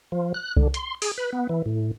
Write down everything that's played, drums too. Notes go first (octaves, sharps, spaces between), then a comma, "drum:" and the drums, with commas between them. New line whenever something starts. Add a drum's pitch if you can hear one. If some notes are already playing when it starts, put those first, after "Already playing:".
F3
F#6
D3, drum: kick C2
C6, drum: hi-hat
G#4, drum: open hi-hat
B4
B3
E3
A2